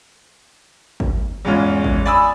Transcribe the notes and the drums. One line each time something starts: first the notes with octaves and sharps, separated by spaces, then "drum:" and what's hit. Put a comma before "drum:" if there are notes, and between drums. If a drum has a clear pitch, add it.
drum: kick
E2 G#2 G#3 C#4 F4
drum: kick
D5 G#5 B5 D#6 E6